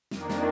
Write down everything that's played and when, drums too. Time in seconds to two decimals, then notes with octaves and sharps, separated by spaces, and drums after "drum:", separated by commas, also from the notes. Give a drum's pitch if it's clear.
0.11 F2 D#3 A#3 D4, drum: snare
0.30 drum: snare